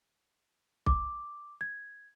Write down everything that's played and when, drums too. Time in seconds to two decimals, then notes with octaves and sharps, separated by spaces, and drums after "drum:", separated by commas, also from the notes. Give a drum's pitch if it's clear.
0.86 D6, drum: kick B1
1.61 G#6